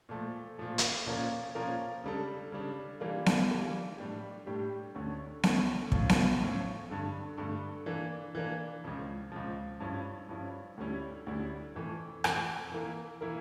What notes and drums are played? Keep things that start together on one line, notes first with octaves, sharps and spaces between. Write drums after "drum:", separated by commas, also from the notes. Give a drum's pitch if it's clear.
A#2 F3 A3
A#2 F3 A3
drum: hi-hat
A#2 F3 C#4 F4 A#4
A#2 F3 C#4 F4 A#4
C#3 G3 D4 A4
C#3 G3 D4 A4
E3 G3 A#3 D4 F4
drum: snare B3
E3 G3 A#3 D4 F4
A2 G3 D4 G4
A2 G3 D4 G4
D2 D3 A3 C#4
D2 D3 A3 C#4, drum: snare B3
A2 F3 C#4 F4, drum: kick
drum: snare B3
A2 F3 C#4 F4
G2 D3 A3
G2 D3 A3
E3 A#3 D4
E3 A#3 D4
C#2 C#3 F3
C#2 C#3 F3
G2 F3 C#4 E4
G2 F3 C#4 E4
D2 D3 G3 C#4 E4
D2 D3 G3 C#4 E4
F2 E3 A3
F2 E3 A3, drum: rim click
E3 A#3 E4 A#4
E3 A#3 E4 A#4